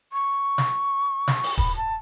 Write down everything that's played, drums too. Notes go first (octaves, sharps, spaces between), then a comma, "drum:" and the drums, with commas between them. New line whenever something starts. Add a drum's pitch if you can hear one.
C#6
drum: snare
drum: snare
drum: open hi-hat
B5, drum: kick
A5